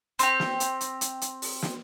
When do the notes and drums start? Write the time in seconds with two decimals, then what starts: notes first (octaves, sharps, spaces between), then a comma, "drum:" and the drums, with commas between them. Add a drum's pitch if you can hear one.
0.19 C4 G4, drum: hi-hat
0.40 drum: snare
0.60 drum: hi-hat
0.81 drum: hi-hat
1.01 drum: hi-hat
1.22 drum: hi-hat
1.42 drum: open hi-hat
1.62 drum: snare